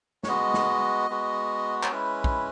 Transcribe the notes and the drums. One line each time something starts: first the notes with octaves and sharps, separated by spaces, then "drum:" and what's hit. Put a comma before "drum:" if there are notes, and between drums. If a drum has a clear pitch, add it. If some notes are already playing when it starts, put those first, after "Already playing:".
C#5, drum: snare
G#3 B3 F#4 D#5
drum: snare
G#3 B3 F#4
C#5, drum: clap
G#3 C#4 E4 B4
drum: kick